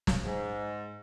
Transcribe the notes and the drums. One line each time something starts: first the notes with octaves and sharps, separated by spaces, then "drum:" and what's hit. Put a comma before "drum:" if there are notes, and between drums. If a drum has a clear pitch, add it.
drum: snare
G#2